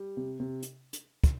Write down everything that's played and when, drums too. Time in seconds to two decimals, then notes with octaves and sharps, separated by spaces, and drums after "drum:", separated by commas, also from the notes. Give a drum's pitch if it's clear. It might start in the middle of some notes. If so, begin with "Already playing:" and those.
Already playing: G3
0.17 C3
0.40 C3
0.63 drum: hi-hat
0.93 drum: hi-hat
1.24 drum: kick, hi-hat